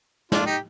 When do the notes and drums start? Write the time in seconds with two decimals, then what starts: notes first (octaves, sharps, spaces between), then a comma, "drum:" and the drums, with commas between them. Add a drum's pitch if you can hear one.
0.32 D4 F4, drum: snare
0.46 D#4 G4